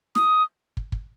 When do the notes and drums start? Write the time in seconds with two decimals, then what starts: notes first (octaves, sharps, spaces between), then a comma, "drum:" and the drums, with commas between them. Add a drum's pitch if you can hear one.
0.15 D#6, drum: snare
0.77 drum: kick
0.92 drum: kick